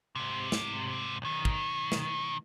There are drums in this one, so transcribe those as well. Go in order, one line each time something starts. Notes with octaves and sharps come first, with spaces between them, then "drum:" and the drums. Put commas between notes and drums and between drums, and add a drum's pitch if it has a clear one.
G#2 C3
drum: snare
B1 D#3
drum: kick
drum: snare